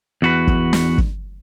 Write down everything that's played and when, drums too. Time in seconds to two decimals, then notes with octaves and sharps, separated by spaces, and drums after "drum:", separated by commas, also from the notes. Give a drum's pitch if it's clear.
0.22 E2 F#4 B4
0.47 drum: kick
0.73 drum: snare
0.98 drum: kick